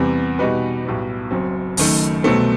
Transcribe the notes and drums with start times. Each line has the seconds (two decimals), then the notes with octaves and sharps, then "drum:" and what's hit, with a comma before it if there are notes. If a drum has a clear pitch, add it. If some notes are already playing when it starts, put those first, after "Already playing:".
Already playing: E2 C3 E3 G3
0.39 B2 G3 D#4 F#4 B4
0.85 B1 A2 G3 B3
1.31 F#1 F#2 F#3 C4
1.77 F#1 F#2 D#3 A3, drum: open hi-hat
2.23 C2 B2 F#3 A3 C4